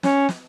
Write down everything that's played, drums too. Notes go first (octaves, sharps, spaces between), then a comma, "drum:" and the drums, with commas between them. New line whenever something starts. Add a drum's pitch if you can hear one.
C#4, drum: snare
drum: snare